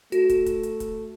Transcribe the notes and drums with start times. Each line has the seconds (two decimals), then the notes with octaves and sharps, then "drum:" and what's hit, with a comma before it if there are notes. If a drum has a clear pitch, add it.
0.12 A3 F#4, drum: hi-hat
0.29 drum: kick, hi-hat
0.46 drum: kick, hi-hat
0.63 drum: hi-hat
0.80 drum: kick, hi-hat